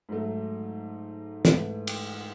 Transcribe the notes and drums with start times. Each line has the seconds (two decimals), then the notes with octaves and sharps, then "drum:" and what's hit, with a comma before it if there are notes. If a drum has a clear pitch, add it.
0.09 G#2 F#3 A3
1.45 G#2 E3 A3, drum: snare
1.87 drum: cymbal